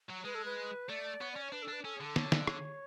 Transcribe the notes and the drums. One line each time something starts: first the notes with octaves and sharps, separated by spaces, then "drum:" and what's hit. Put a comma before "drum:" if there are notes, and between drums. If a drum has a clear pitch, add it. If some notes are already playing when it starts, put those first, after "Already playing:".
F#3
G#3 B4
A4
B4
A3 D5
B3 C#5
C#4 D5
C#5
D4 B4
A4
D4 B4
C#4 A4
G#4
D3 A4
C#5, drum: snare
D5, drum: snare
C#5, drum: rim click